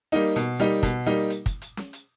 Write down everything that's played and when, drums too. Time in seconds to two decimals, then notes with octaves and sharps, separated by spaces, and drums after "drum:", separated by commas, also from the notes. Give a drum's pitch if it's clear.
0.12 G3 A#3 D#4
0.36 B2, drum: hi-hat
0.60 G3 A#3 D#4
0.83 B2, drum: kick, hi-hat
1.06 G3 A#3 D#4
1.30 drum: hi-hat
1.46 drum: kick, hi-hat
1.62 drum: hi-hat
1.77 drum: snare C#4
1.93 drum: hi-hat